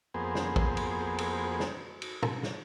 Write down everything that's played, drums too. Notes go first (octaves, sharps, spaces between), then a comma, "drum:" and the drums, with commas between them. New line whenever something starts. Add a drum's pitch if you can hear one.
F2 A#3 B3 G#4 C5
drum: snare
drum: kick
drum: cymbal
drum: cymbal
drum: snare
drum: cymbal
drum: tom
drum: snare